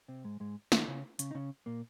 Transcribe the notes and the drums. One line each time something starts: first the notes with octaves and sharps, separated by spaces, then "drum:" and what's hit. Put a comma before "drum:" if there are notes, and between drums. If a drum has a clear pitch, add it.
C3 C4
G#2 G#3
G#2 G#3
D#3 D#4, drum: snare
C#3 C#4
C#3 C#4, drum: hi-hat
D#4
C#3 C#4
A#2 A#3